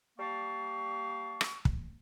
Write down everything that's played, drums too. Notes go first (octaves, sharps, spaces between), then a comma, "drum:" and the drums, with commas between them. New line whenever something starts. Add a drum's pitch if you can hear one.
G3 A#3 F5 A5 C#6
drum: rim click
drum: kick